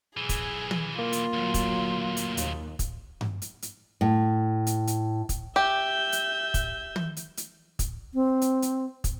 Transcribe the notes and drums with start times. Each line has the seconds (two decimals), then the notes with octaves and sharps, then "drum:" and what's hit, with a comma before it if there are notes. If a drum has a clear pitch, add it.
0.17 B1 E3 G#4
0.29 drum: kick, hi-hat
0.71 drum: tom
0.99 A#3 F4
1.12 drum: hi-hat
1.33 D2 A#2 F#3
1.54 drum: kick, hi-hat
2.17 drum: hi-hat
2.37 D#2, drum: hi-hat
2.79 drum: kick, hi-hat
3.21 drum: tom G2
3.42 drum: hi-hat
3.62 drum: hi-hat
4.01 A2
4.67 drum: hi-hat
4.87 drum: hi-hat
5.29 drum: kick, hi-hat
5.56 G4 E5 G6
6.12 drum: hi-hat
6.54 drum: kick, hi-hat
6.96 drum: tom
7.17 drum: hi-hat
7.37 drum: hi-hat
7.79 drum: kick, hi-hat
8.14 C4
8.42 drum: hi-hat
8.62 drum: hi-hat
9.04 drum: kick, hi-hat